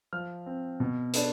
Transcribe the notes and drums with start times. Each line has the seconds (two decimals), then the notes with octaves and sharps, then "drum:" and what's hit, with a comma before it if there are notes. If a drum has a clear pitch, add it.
0.13 F3 F6
0.46 C4
0.80 B2
1.14 B3 D4, drum: hi-hat